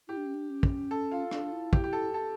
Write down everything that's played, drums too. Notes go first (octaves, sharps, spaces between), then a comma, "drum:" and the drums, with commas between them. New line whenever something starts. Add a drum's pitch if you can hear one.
E4 G4
D4
C#4
D4
C#4
drum: kick
A4
F4
D4, drum: rim click
E4
G4, drum: kick
G4
A4
A4